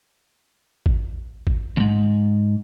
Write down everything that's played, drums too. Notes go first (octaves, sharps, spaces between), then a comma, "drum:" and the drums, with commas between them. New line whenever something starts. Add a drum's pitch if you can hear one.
drum: kick A1
drum: kick A1
D#2 G#2